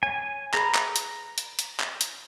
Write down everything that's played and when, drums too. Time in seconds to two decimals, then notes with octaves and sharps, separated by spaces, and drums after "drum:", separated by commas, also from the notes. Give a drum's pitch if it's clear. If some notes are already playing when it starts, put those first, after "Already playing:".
0.03 C#5 G#5
0.54 G#4 B4 A#5 B5, drum: clap
0.75 drum: clap
0.96 drum: hi-hat
1.38 drum: hi-hat
1.59 drum: hi-hat
1.80 drum: clap
2.01 drum: hi-hat